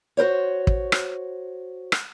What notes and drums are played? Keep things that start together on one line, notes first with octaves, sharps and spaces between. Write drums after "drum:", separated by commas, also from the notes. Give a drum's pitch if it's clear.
F#4 A#4 C5 C#5
drum: kick
drum: rim click
drum: rim click